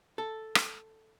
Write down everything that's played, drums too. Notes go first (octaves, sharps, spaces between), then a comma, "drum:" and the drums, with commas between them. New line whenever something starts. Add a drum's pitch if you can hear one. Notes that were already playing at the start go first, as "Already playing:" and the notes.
A4
drum: rim click